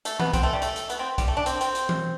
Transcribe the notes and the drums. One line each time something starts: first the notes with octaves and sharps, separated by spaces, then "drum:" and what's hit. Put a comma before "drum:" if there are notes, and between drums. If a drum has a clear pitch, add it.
A3, drum: hi-hat
B3, drum: tom E3
C4, drum: kick C2, hi-hat
A3
G3
A3, drum: hi-hat
drum: hi-hat
B3, drum: hi-hat
C4
G3, drum: kick C2, hi-hat
A3
D4
C4, drum: hi-hat
C4, drum: hi-hat
drum: hi-hat
drum: tom E3